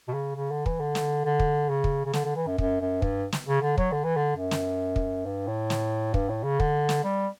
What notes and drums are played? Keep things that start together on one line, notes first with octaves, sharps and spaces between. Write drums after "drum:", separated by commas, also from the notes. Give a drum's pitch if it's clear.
B2
C#3
C#3
D3
E3, drum: kick
D3
drum: snare
D3
drum: kick
C#3
drum: kick
C#3
D3, drum: snare
D3
E3
F#2
F#2, drum: kick
F#2
G2, drum: kick
drum: snare
C#3
D3
F#3, drum: kick
D3
E3
D3
F#2
drum: snare
drum: kick
G2
A2
drum: snare
G2, drum: kick
A2
C#3
D3, drum: kick
drum: snare
G3